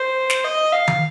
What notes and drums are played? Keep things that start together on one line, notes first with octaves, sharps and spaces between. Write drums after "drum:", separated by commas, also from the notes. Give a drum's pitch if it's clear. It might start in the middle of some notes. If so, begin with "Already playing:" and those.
Already playing: C5
drum: snare
D#5
F5
drum: tom